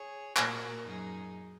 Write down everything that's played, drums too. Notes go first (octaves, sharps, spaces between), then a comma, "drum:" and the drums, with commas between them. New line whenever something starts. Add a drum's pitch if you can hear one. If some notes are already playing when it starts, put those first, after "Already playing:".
Already playing: G#4 C#5
A#2 F#4 A#4, drum: clap
F#2 D#4 G#4